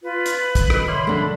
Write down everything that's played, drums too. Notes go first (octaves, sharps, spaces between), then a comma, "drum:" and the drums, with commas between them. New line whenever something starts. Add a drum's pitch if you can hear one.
F4 B4
drum: hi-hat
B5
drum: kick, hi-hat
D#3, drum: rim click
A#2 C#3 E3 C6
F#3 A3 D4 A#4